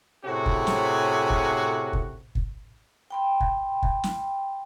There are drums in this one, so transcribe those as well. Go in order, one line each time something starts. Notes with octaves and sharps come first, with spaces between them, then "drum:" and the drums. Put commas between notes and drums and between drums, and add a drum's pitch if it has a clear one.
A2 C3 C#4 F#4 G#4
drum: kick
drum: snare
drum: kick
drum: kick
drum: kick
G5 B5 C6
drum: kick
drum: kick
drum: snare